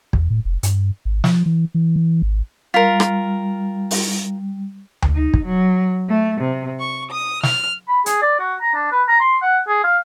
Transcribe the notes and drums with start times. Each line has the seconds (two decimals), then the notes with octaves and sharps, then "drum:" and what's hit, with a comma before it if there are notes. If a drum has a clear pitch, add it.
0.13 E2, drum: kick
0.30 A2
0.45 F1
0.63 G2, drum: hi-hat
1.05 G#1
1.24 F3, drum: snare
1.46 E3
1.74 E3
1.96 E3
2.22 G#1
2.74 G3 F4 A#4
3.00 drum: rim click
3.91 drum: open hi-hat
5.02 drum: tom D2
5.13 D#4
5.34 drum: kick
5.45 F#3
6.09 A3
6.41 C3
6.79 C#6
7.11 D#6
7.43 F6, drum: snare
7.88 B5
8.06 G#4, drum: hi-hat
8.22 D5
8.40 F#4
8.61 A#5
8.75 D4
8.92 B4
9.08 A#5
9.21 C6
9.42 F#5
9.68 G#4
9.84 F5